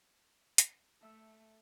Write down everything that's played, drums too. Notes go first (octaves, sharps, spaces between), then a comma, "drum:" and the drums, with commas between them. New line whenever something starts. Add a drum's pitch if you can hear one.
drum: hi-hat
A3 A4 E5 E6